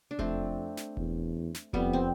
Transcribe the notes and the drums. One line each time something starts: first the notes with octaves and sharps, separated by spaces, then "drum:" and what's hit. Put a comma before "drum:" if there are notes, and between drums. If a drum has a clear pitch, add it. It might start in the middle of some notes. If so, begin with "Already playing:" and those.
D4
F2 A3 C4, drum: kick E1
drum: snare
E2, drum: kick E1
drum: snare
F2 G3 B3, drum: kick E1
C4